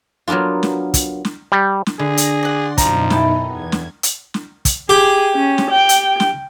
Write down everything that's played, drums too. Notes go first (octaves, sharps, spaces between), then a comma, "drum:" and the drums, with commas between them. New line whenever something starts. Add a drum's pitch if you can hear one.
F#3 A#3 B3 D4 F4
drum: snare
drum: kick, hi-hat
drum: snare
G3
drum: snare
D3 G#4 A#6
drum: hi-hat
D5 F#5 C6
F#2 B2 F3 D#4 A#5, drum: kick, hi-hat
E4 A4 G5, drum: snare
E2 B3 G#6
drum: snare
drum: hi-hat
drum: snare
drum: kick, hi-hat
G4 G#4
C#4
drum: snare
G5
drum: hi-hat
drum: snare